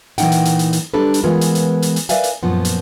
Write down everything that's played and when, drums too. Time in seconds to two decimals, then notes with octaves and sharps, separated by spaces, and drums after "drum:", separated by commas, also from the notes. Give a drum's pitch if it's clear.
0.18 A#2 E3 B3 D#4 F#5 G5, drum: hi-hat
0.32 drum: hi-hat
0.45 drum: hi-hat
0.59 drum: hi-hat
0.73 drum: hi-hat
0.94 G3 D4 A4 B4
1.14 drum: hi-hat
1.23 E3 G#3 B3 F4 A#4
1.41 drum: hi-hat
1.55 drum: hi-hat
1.82 drum: hi-hat
1.96 drum: hi-hat
2.09 A#4 B4 D5 E5 F5 G#5, drum: hi-hat
2.24 drum: hi-hat
2.43 F#2 A#2 F3 B3
2.65 drum: hi-hat